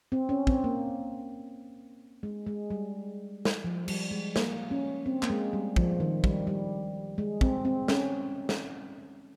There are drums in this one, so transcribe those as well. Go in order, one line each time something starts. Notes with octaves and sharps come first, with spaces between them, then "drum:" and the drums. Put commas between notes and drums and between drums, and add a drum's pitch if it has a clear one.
C4
C#4
C4, drum: kick
A#3
G#3
G#3
G3
drum: snare
F3
G3, drum: cymbal
G#3
A#3, drum: snare
C#4
C4
A#3, drum: clap
G#3
G3
F3, drum: kick
D#3
G3, drum: kick
G3
G#3
C4, drum: kick
C4
C#4, drum: snare
drum: snare